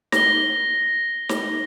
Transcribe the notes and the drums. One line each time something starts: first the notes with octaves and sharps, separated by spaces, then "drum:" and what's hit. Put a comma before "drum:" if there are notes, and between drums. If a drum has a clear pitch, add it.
A#6 G7, drum: snare
drum: snare